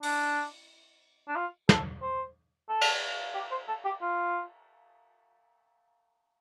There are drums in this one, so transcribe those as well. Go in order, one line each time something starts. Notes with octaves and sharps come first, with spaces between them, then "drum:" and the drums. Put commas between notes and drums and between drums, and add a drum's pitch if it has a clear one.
D4, drum: open hi-hat
D4
F4
A4, drum: snare
C5
A4
drum: cymbal
G4
C5
A4
G4
F4